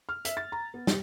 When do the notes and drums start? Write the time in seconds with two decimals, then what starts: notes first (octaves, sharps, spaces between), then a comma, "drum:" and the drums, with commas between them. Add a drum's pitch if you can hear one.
0.09 F6
0.25 E5, drum: hi-hat
0.37 A6
0.52 A#5
0.74 B3
0.87 G4, drum: snare